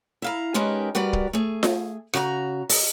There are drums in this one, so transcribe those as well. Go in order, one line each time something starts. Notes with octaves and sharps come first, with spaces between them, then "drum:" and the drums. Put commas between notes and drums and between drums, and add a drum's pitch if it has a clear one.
E4 F5 A#5
G#3 C#4 D#4 G4 A#4 B4
G3 F#4 A#4 B4 D5
drum: kick
A3 G#4
drum: snare F4
C#3 F#4 D5 A#5, drum: rim click
D#5, drum: open hi-hat